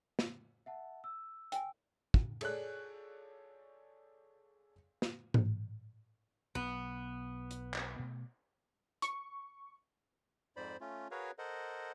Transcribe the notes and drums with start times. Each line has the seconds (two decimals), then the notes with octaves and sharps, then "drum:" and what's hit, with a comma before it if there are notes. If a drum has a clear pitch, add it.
0.19 drum: snare
0.66 E5 F#5 A5
1.04 E6
1.52 G5 G#5, drum: hi-hat
2.14 drum: kick
2.41 G#4 A4 C#5 D5 F#6, drum: cymbal
5.02 drum: snare
5.34 drum: tom G#2
6.55 B1 B3
7.51 drum: hi-hat
7.74 drum: clap
7.99 B2 A3
9.02 C#6, drum: hi-hat
10.56 F2 G#2 C5 D5 B5
10.81 A3 C#4 F4
11.11 F#4 G#4 A#4 B4 C#5 F5
11.39 A4 A#4 C5 D#5 F#5